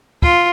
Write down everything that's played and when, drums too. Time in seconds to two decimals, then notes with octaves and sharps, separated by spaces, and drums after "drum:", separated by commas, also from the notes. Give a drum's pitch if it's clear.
0.22 F4, drum: kick